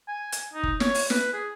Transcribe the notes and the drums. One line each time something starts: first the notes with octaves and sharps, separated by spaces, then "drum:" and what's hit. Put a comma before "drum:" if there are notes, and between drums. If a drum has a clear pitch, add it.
G#5
drum: hi-hat
D#4
drum: kick F#1
C#5, drum: snare
drum: open hi-hat
B4, drum: snare
G#4